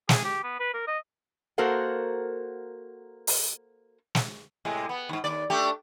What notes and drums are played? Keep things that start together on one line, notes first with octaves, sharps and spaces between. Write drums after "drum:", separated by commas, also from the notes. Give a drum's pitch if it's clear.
G#4, drum: snare
G4
B3
B4
A#4
D#5
A#3 F#4 A4 A#4 C5 F#5
drum: open hi-hat
drum: snare
A2 C3 G#3
B3
D#2 G#2
D#2 D5
A3 D4 G4